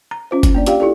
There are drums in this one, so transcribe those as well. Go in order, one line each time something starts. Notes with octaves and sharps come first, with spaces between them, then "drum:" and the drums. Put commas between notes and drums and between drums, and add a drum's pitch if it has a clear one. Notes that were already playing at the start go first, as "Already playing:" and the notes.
A#5
C#4 F4 C5
drum: kick, hi-hat
A#3 D4 D5
F4 G4 D5 F5 G5, drum: hi-hat
E4 F4 G4 A4 D5